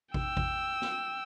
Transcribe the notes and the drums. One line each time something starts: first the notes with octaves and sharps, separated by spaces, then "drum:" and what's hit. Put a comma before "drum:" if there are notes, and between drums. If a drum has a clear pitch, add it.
G5 E6, drum: kick
drum: kick
drum: snare